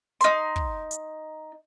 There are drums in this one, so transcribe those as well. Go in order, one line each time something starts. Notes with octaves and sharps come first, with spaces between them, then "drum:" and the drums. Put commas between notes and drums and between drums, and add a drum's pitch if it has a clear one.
D#4 C6, drum: hi-hat
drum: kick
drum: hi-hat